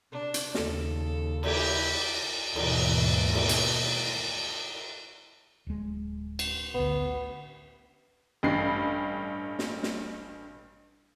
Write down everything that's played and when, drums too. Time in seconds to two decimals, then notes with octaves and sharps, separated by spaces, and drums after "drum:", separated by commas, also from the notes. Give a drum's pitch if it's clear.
0.12 C3 D4
0.34 drum: hi-hat
0.55 D#2 C#3 A4, drum: snare
1.43 E4 G4, drum: cymbal
2.55 D#2 G#2 B2 E3, drum: cymbal
3.34 drum: cymbal
3.49 drum: hi-hat
5.67 D1 G#3
6.39 drum: cymbal
6.74 A1 D2 B3
8.43 A1 G2 C7
9.59 drum: snare
9.83 drum: snare